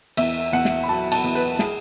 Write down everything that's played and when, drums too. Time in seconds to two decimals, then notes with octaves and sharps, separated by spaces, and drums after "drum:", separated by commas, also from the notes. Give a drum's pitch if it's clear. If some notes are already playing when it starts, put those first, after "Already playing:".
0.17 E2 E5, drum: cymbal
0.53 E2 F#5
0.65 drum: snare
0.84 B5
0.89 F#3 A5
1.12 A5, drum: cymbal
1.24 E2
1.35 B4
1.59 G#4, drum: snare